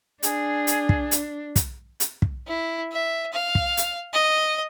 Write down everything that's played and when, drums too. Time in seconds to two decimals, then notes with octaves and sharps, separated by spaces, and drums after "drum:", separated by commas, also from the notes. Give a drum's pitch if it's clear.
0.23 D4 G#4, drum: hi-hat
0.67 drum: hi-hat
0.89 drum: kick
1.11 drum: hi-hat
1.56 drum: kick, hi-hat
2.00 drum: hi-hat
2.22 drum: kick
2.47 E4
2.92 E5
3.33 F5
3.55 drum: kick
3.77 drum: hi-hat
4.13 D#5